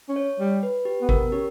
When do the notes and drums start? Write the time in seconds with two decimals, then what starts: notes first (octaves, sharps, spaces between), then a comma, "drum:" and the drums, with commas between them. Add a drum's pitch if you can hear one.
0.09 C#4
0.16 C#5
0.40 G3
0.63 B4
0.85 G4
1.02 B3
1.09 A#4, drum: kick G#1
1.32 C#4 G4